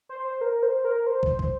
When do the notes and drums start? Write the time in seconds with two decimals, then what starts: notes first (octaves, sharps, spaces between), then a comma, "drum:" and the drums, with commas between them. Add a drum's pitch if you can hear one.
0.09 C5
0.25 C5
0.41 A#4
0.63 C5
0.85 A#4
1.07 C5
1.23 drum: kick
1.39 drum: kick